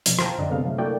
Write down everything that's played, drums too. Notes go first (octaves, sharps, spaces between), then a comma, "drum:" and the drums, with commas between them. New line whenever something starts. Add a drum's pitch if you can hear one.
B2 F3, drum: hi-hat
C5 F5 G5 A5 A#5, drum: rim click
F#2 D3 D4 D#5
C3 G#3 B3 A4 F5
F#3 A3
A#3 E4 F#4 A4 D5 G5